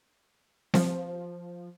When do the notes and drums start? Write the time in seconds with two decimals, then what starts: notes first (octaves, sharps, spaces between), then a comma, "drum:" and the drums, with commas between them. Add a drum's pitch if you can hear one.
0.74 F3, drum: snare C4